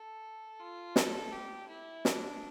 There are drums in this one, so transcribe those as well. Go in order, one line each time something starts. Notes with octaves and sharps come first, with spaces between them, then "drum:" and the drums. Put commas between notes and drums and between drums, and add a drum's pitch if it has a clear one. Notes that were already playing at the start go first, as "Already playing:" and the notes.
Already playing: A4
F4
A4, drum: snare
G4
E4
D4, drum: snare